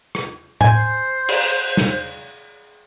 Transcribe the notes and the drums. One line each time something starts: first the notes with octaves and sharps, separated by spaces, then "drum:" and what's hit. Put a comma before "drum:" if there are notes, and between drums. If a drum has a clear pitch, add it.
drum: rim click
C5 G#5, drum: tom A2
drum: cymbal
drum: snare